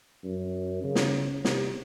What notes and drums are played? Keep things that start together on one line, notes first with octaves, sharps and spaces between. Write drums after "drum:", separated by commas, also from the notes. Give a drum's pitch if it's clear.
F#2
C#3
drum: snare
C3, drum: snare